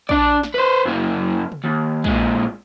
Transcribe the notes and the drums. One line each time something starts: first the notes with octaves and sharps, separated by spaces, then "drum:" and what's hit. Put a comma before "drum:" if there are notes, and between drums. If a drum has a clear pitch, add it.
D4 D5, drum: kick A#1
drum: snare
B4 C5
F#2 A#3
drum: tom C3
D#2
A#2 G#3, drum: kick A#1